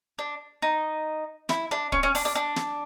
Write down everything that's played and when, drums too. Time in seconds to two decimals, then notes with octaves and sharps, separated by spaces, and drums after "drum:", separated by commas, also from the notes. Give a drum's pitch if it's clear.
0.19 D4
0.62 D#4
1.49 E4, drum: snare
1.71 D4
1.92 C#4, drum: kick
2.03 C#4
2.15 D4, drum: open hi-hat
2.25 D4
2.35 D4
2.56 drum: snare